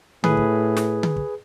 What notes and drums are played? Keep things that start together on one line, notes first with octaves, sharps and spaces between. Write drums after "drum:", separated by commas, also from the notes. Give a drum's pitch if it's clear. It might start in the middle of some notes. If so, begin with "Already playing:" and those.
A2 G#4 B4, drum: tom D3
drum: kick
drum: snare
drum: tom D3
drum: kick